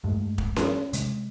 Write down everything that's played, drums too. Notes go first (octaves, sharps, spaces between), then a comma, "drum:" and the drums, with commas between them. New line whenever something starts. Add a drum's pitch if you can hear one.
G2 G#3 A3
drum: kick
drum: snare C#4
C3 G#3, drum: hi-hat